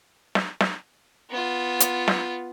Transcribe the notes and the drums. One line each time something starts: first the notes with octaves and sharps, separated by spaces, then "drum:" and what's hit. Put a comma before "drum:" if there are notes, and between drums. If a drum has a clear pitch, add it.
drum: snare
drum: snare
B3 F4
drum: hi-hat
drum: snare